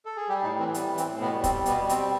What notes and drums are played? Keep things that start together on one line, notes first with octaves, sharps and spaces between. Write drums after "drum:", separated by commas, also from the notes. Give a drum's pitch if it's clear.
A4
G#4
G3 G4
A2 D#4
E3 C4
G3 B3, drum: hi-hat
E3
C4, drum: hi-hat
A2
B2 B3
G3
C4, drum: kick, hi-hat
B2
B2 B3, drum: hi-hat
G3
C4, drum: hi-hat
G3